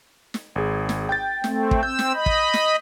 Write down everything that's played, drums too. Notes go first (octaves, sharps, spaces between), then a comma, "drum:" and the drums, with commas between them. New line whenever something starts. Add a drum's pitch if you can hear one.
drum: snare
G#1 G#4
drum: snare
G5 G6 A6
A3 C4, drum: snare
drum: kick
C4 E6 G6
drum: snare
D#5 B5
drum: kick
drum: snare